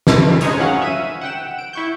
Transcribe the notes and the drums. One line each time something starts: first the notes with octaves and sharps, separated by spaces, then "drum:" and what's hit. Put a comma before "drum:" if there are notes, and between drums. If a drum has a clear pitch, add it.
drum: snare
G#3 D#4 G#4 C#5 D#6, drum: hi-hat
F#3 C#4 F5 F#5
E5 D#7
F#5 G5 E7
D7
E4 C#6 G6